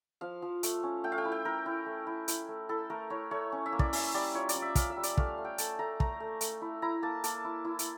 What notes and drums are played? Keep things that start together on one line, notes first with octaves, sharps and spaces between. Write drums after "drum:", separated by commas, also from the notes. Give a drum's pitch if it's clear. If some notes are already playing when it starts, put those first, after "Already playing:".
F3 F5
F3
A3, drum: hi-hat
C#4
A3 G5
F5
G5
E4
G5
E4 A#4
E4
A3
E4
E4, drum: hi-hat
A3
E4 A4
A3 A#4
E4 C#5
A3 C#5
C#4
E5
A#3
D5, drum: kick
C#4 E5, drum: open hi-hat
G3 D5
F4 C#5
D5, drum: hi-hat
C#4
E5
C#4 F5, drum: kick, hi-hat
E5
G3
D5, drum: hi-hat
A3 F5, drum: kick
A3
G5
A3 A5, drum: hi-hat
A3 A#5
A3 A#5, drum: kick
A3
A3, drum: hi-hat
E4
E4 A#5
A#3 A5
A#3 A5, drum: hi-hat
E4
E4
drum: hi-hat